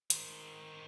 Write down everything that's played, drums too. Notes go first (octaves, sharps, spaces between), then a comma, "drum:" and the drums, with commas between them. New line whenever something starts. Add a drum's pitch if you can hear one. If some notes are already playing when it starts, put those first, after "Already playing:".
D#3 C5, drum: hi-hat